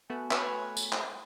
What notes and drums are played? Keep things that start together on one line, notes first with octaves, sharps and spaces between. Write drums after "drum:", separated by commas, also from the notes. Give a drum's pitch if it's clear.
A3 B3 F#4 G#5
B4 C#5 E5, drum: clap
drum: tambourine
drum: clap